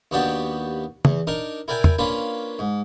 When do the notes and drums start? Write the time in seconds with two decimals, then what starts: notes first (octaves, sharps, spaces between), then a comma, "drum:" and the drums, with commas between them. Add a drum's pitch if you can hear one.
0.11 D#2 B3 D4 F#4 G4 A5
1.05 E2, drum: tom
1.27 D4 D#4 A#4
1.68 E4 A#4 D5 G5 G#5
1.84 drum: tom E2
1.98 A#3 C#4 D4 F4 B4
2.59 G#2